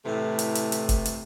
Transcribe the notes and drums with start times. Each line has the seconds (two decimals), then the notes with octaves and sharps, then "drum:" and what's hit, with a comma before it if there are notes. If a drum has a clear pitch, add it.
0.05 A2 C3 E3 A3
0.39 drum: hi-hat
0.55 drum: hi-hat
0.72 drum: hi-hat
0.89 drum: kick F#1, hi-hat
1.06 drum: hi-hat